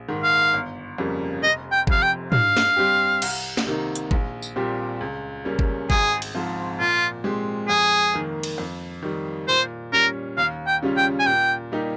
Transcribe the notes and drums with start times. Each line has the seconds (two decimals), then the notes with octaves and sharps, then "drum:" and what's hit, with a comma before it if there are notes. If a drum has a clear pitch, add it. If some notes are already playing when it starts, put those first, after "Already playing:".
Already playing: A#1
0.08 G#2 D#3
0.23 F5
0.54 G1
0.98 F2 C#3 G3 A#3
1.42 F1 D#5
1.72 G5
1.87 F2 C3 F5, drum: kick G1
2.02 G5
2.32 G2 F5, drum: tom
2.57 drum: snare
2.76 G3 C4 G4
3.22 C2, drum: cymbal
3.57 drum: snare
3.67 C3 D#3 A#3 D#4
3.95 drum: hi-hat
4.11 A#1, drum: kick G1
4.42 drum: tambourine
4.56 A#2 G3 C4 G4
5.01 C#2
5.45 C#3 G3 A#3 C#4
5.59 drum: kick G1
5.90 G#1 G#4, drum: kick G1
6.22 drum: cymbal
6.35 G#2 F3 C4 F4
6.80 A#2 F4
7.24 G#3 C4 G4
7.68 F2 G#4
8.14 D#3 A#3
8.43 drum: cymbal
8.58 F2
9.02 D#3 G3
9.48 A#2 C5
9.92 G3 C#4 A#4
10.37 D#2 F5
10.67 G5
10.83 C#3 G3 C#4 F4
10.97 G5
11.19 G#5
11.26 A#2 G5
11.72 G3 A#3 D#4 G4